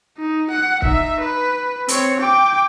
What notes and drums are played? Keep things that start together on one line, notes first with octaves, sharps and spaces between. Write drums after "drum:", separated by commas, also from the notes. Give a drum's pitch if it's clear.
D#4
F#5
D#4 E5, drum: kick
B4
C4 C#5, drum: hi-hat
G5 D6